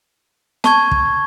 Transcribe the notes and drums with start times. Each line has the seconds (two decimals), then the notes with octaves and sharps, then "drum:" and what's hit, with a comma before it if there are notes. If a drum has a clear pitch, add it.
0.64 A5 C#6 G#6, drum: snare
0.91 drum: kick